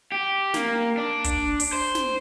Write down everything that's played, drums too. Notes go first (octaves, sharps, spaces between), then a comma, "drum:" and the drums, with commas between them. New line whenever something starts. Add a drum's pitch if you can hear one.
G4
A#3, drum: snare
D4
drum: kick, hi-hat
drum: open hi-hat
C5
drum: snare